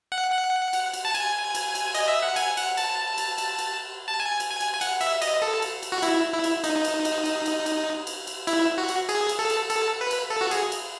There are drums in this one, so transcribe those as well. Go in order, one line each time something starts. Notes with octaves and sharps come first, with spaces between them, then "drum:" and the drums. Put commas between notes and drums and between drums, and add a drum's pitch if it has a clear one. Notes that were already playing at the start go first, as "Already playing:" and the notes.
F#5
F#5
drum: cymbal
drum: cymbal
A5
G#5, drum: cymbal
drum: cymbal
drum: cymbal
D#5, drum: cymbal
E5
F#5
G#5, drum: cymbal
F#5, drum: cymbal
A5, drum: cymbal
drum: cymbal
drum: cymbal
drum: cymbal
A5
G#5
drum: cymbal
G#5
drum: cymbal
G#5
F#5, drum: cymbal
E5, drum: cymbal
D#5, drum: cymbal
A4
drum: cymbal
drum: cymbal
F#4
E4, drum: cymbal
E4
drum: cymbal
D#4, drum: cymbal
drum: cymbal
drum: cymbal
drum: cymbal
drum: cymbal
drum: cymbal
drum: cymbal
drum: cymbal
E4, drum: cymbal
F#4
drum: cymbal
G#4, drum: cymbal
drum: cymbal
A4
drum: cymbal
A4, drum: cymbal
B4
drum: cymbal
A4
F#4
G#4, drum: cymbal
drum: cymbal